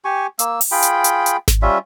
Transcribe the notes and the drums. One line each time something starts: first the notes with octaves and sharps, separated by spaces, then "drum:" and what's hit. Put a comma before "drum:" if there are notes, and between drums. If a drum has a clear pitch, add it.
G4 G#5 C#6
A#3 E6, drum: hi-hat
drum: open hi-hat
F4 G#4 G5 B5
drum: hi-hat
drum: hi-hat
drum: hi-hat
drum: snare G#1
G3 C#4 F4 E5